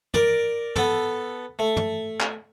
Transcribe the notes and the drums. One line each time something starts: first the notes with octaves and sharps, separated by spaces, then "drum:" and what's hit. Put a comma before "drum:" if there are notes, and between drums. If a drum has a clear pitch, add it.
A#4 D5, drum: tom
B3 A4, drum: tom
A3
drum: tom
drum: clap